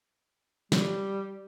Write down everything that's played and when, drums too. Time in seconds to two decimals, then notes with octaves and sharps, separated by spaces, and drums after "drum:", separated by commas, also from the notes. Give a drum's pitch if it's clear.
0.72 G3, drum: snare